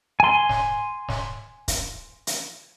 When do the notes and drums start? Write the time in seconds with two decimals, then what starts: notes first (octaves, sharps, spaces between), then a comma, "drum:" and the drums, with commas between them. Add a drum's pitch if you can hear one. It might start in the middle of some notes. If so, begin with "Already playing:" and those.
0.20 G#5 C6
0.49 drum: snare
1.09 drum: snare
1.68 drum: kick, hi-hat
2.27 drum: hi-hat